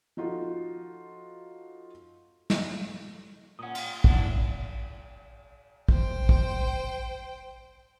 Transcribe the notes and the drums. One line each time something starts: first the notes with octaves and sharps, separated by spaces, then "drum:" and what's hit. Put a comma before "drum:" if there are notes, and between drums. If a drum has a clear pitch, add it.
F3 D#4 F4 F#4 A4
drum: snare
A#2 C#4 F#5 D#6
F4, drum: cymbal
E3 D4 E4 F#5, drum: kick
C5 G5, drum: kick
drum: kick